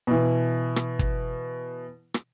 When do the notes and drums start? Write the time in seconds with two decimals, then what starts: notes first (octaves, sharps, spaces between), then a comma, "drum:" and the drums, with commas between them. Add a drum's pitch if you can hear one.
0.07 B2 E3
0.76 drum: rim click
0.99 drum: kick
2.14 drum: rim click